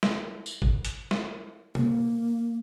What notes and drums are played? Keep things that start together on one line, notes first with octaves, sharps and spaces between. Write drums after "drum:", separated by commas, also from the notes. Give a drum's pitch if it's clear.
drum: snare
drum: tambourine
drum: kick
drum: hi-hat
drum: snare
A#3, drum: tom B2